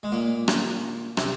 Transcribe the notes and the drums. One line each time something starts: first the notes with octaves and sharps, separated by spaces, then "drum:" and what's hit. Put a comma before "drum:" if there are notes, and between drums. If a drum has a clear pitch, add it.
G#3
A#2 A#3
drum: rim click
C3 C4, drum: rim click